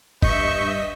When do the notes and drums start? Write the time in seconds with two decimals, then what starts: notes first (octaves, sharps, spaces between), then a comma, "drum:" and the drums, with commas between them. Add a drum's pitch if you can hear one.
0.22 G2 D#5 E5 C#6 G6 B6, drum: kick